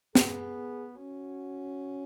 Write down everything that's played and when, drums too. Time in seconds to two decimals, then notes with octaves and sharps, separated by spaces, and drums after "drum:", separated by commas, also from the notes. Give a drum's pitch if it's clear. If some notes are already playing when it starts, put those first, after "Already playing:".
0.15 B3 G#4, drum: snare
0.95 C#4 F#4